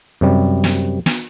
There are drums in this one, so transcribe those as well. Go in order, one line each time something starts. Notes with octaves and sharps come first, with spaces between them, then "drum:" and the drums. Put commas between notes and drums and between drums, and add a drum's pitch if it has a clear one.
F#2 C3 G3
drum: snare
drum: snare